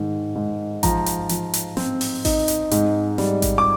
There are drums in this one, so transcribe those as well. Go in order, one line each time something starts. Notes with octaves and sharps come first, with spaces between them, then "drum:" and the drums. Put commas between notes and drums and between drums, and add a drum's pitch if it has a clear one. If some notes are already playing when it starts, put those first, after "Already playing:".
Already playing: G#2 D#3
G#2
F3 A#5, drum: kick A1, hi-hat
drum: hi-hat
F3, drum: hi-hat
drum: hi-hat
C4, drum: snare
drum: open hi-hat
D#4, drum: kick A1, open hi-hat
drum: hi-hat
G#2, drum: hi-hat
G3, drum: snare
drum: kick A1, hi-hat
D6